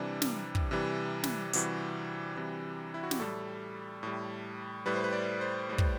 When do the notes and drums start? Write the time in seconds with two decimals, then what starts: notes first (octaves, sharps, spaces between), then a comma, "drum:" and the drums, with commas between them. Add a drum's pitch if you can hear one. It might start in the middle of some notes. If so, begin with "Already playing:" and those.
Already playing: C3 E3 G3 D4
0.22 drum: snare
0.55 drum: kick
0.71 C3 E3 G3
1.24 drum: snare
1.53 C3 E3 G3 F#4, drum: hi-hat
2.37 C3 E3 G3
2.94 E4
3.03 F#4
3.11 G4, drum: snare
3.20 A2 G3 A4
4.03 A2 G3
4.86 A2 G3 B4
4.95 C5
5.04 B4
5.13 D5
5.41 C5
5.69 A2 G3
5.78 drum: kick